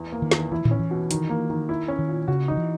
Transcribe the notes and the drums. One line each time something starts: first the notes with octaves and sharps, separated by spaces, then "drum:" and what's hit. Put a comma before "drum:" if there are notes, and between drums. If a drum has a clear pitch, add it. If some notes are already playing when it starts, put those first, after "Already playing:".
Already playing: E2
A#3
D#3
E2, drum: snare
E3 E4
D#3, drum: tom A2
C#4
E3
B2
D#3, drum: hi-hat
A#3
D#3
E4
C#4
D#3
A#2
C#3 F#4
D#3 D#4
E3